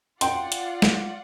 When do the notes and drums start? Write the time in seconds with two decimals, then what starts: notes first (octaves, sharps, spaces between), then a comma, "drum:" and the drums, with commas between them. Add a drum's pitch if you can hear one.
0.21 F4 D5 F#5 G5 C6, drum: hi-hat
0.52 drum: hi-hat
0.82 drum: snare